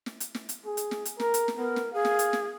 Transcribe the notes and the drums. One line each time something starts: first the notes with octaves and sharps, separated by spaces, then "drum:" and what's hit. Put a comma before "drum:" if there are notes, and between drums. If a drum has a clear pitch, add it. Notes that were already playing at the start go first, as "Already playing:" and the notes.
drum: snare
drum: hi-hat
drum: snare
drum: hi-hat
G#4
drum: hi-hat
drum: snare
drum: hi-hat
A#4, drum: snare
drum: hi-hat
drum: snare
B3 A#4
drum: snare
G#4 F5
drum: snare
drum: hi-hat
drum: snare